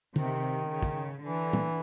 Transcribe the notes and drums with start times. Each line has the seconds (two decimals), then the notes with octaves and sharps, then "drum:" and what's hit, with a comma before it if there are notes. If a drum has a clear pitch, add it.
0.16 C3 D#3, drum: tom
0.69 C#3
0.83 drum: kick
1.22 D3 E3
1.53 drum: tom